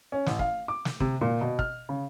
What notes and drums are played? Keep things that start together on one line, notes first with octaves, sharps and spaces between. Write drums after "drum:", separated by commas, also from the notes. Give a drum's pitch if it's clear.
C#4
A1, drum: snare
F5, drum: kick
D6
drum: snare
C3, drum: kick
A#2
B2
F6, drum: kick
C#3